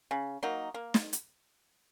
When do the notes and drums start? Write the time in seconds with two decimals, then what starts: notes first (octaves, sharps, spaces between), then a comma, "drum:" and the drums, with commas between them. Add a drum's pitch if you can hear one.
0.11 C#3
0.43 F#3 A#3 D#4
0.74 A#3
0.94 drum: snare
1.13 drum: hi-hat